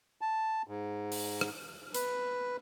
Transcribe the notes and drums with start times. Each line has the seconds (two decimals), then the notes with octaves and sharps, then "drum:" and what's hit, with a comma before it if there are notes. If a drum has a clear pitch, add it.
0.21 A5
0.68 G#2
1.12 drum: open hi-hat
1.41 drum: rim click
1.94 B4, drum: hi-hat